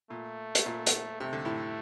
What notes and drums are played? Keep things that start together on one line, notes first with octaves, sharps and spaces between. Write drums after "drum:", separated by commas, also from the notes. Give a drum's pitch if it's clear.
A#2 A3
drum: hi-hat
A#2
drum: hi-hat
C3 A3
D3
A2 C3